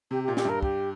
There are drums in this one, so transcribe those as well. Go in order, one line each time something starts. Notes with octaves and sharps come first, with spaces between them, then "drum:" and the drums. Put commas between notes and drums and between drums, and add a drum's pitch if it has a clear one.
C3 G4
G4
A#2
G4, drum: snare
G2 A#4
G4, drum: kick